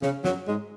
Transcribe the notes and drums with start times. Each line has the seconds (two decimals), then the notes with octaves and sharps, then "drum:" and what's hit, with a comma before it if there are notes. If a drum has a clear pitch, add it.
0.02 C#3, drum: snare
0.25 F#2 F#3, drum: snare
0.48 G#2 G#3